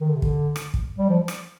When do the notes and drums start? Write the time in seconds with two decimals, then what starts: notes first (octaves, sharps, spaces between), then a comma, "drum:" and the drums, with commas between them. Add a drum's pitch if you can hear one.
0.01 D#3
0.08 D3
0.16 C3
0.22 D3, drum: kick
0.56 drum: rim click
0.74 drum: kick
0.98 G3
1.09 F3
1.28 drum: rim click